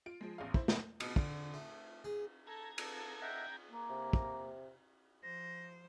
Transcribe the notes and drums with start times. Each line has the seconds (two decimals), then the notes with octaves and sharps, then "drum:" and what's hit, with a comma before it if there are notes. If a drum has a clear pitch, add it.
0.06 F4 D7
0.21 F3 G#3
0.38 A1 E2 F5
0.54 E4 C5, drum: kick
0.68 C#2 G2 G3 B3, drum: snare
1.00 B2, drum: cymbal
1.16 D3, drum: kick
1.54 A3
2.04 G#4
2.47 A4 A#5 G#6
2.78 A4, drum: cymbal
3.21 D#5 E5 F#5 G5
3.72 A#3
3.89 C3
4.13 drum: kick
5.23 F3 C5 A#6